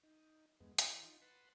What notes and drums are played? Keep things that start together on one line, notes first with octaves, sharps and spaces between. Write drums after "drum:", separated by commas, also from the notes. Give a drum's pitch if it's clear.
D#4
E2 G2 G#3 B3
E3, drum: hi-hat
D#4 F4
B4 F#5 A5 B5 C6